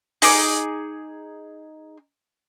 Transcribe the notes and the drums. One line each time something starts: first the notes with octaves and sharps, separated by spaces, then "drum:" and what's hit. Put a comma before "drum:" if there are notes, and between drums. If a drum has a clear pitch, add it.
D#4 G#4 D6, drum: open hi-hat